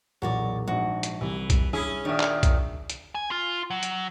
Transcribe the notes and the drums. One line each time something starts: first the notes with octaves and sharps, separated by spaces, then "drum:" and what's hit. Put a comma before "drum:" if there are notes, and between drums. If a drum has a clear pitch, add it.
B1 E2 A#2 F#4 C#5 D5
A#1 G#2 F#4
drum: hi-hat
C2 E3
drum: kick, hi-hat
G2 C#4 E4 G#4
A#2 D#3 D4 C#5 E5
drum: clap
drum: kick, hi-hat
drum: hi-hat
G#5
F4
F#3
drum: hi-hat